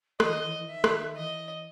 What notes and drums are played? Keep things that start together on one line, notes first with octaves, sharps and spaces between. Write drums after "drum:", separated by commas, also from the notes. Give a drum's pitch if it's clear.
E3 D#5, drum: rim click
D#3
E3
E3
D#3 E5
drum: rim click
E3 D#5